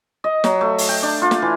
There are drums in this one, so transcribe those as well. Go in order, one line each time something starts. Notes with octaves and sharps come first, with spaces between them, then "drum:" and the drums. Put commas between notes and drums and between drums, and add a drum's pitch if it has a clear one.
D#5
F#3, drum: snare
A3
drum: open hi-hat
G5
D4
F4
drum: snare
E3